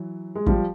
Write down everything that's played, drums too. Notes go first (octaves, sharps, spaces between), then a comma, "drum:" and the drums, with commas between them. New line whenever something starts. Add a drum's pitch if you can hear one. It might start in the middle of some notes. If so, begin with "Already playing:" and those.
Already playing: E3 F#3
G#3
F3 G3, drum: kick